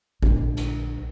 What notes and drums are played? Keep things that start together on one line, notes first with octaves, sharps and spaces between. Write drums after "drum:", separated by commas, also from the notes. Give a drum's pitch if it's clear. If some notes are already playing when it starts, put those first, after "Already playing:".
A#1 D3, drum: kick G#1
drum: snare